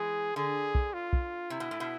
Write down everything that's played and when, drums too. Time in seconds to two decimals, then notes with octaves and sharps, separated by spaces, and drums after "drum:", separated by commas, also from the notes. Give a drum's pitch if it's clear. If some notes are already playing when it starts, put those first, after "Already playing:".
Already playing: E3 G#3 G#4
0.36 D3 G#4
0.75 drum: kick
0.94 F4
1.13 drum: kick
1.50 C3 E4
1.60 B2
1.71 A2
1.80 B2